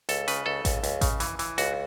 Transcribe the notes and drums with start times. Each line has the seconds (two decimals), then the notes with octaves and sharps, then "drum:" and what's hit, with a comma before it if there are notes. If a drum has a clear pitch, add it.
0.09 C#2 A4, drum: hi-hat
0.28 C#3 B4, drum: hi-hat
0.46 C#2 A4
0.65 C#2, drum: kick A1, hi-hat
0.83 C#2, drum: hi-hat
1.01 C#3, drum: kick A1, hi-hat
1.20 E3, drum: hi-hat
1.39 E3, drum: hi-hat
1.58 C#2 F#4, drum: hi-hat